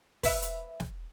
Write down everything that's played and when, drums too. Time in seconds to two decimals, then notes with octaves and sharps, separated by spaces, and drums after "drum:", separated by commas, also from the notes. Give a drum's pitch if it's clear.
0.23 B4 E5, drum: kick, open hi-hat
0.42 drum: hi-hat
0.80 drum: snare